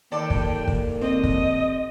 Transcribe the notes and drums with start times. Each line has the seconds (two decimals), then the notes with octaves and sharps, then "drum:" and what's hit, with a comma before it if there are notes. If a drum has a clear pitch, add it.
0.12 D#2 A#3 A4 D5 G5
0.30 drum: kick
0.68 drum: kick
1.01 C4 D#5
1.24 drum: kick